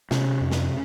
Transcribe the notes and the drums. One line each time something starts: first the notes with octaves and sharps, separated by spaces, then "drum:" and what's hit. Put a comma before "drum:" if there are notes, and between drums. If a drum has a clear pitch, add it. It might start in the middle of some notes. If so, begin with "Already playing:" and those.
C3 C#4, drum: snare
F2
drum: snare